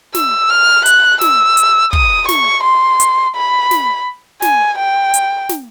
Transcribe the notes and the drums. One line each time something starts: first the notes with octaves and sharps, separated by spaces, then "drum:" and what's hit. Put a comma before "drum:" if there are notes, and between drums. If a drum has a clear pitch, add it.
E6, drum: snare
F6
F#6, drum: hi-hat
E6, drum: snare
drum: hi-hat
D#6, drum: kick
C#6, drum: snare
C6
drum: hi-hat
B5
drum: snare
G#5, drum: snare
G5
drum: hi-hat
drum: snare